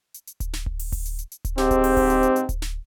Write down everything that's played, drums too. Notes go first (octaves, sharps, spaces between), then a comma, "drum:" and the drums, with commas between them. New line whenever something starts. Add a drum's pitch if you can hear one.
drum: hi-hat
drum: hi-hat
drum: kick D1, hi-hat
drum: snare
drum: kick D1
drum: open hi-hat
drum: kick D1, open hi-hat
drum: hi-hat
drum: hi-hat
drum: hi-hat
drum: kick D1, hi-hat
G#2 C4 G4, drum: snare
drum: kick D1, hi-hat
drum: open hi-hat
drum: kick D1, open hi-hat
drum: hi-hat
drum: hi-hat
drum: hi-hat
drum: kick D1, hi-hat
drum: snare